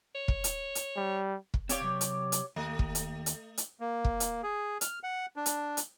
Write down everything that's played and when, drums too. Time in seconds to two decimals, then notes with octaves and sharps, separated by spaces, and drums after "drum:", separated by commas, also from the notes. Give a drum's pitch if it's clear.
0.15 C#5
0.28 drum: kick
0.44 drum: hi-hat
0.75 drum: hi-hat
0.96 G3
1.54 drum: kick
1.69 C4 G4 C#5 D5 F5, drum: hi-hat
1.81 C3 F#3
2.01 drum: hi-hat
2.32 drum: hi-hat
2.56 D#2 A3 D#5
2.79 drum: kick
2.95 drum: hi-hat
3.26 drum: hi-hat
3.57 drum: hi-hat
3.80 A#3
4.05 drum: kick
4.20 drum: hi-hat
4.43 G#4
4.81 F6, drum: hi-hat
5.03 F#5
5.36 D4
5.46 drum: hi-hat
5.77 drum: hi-hat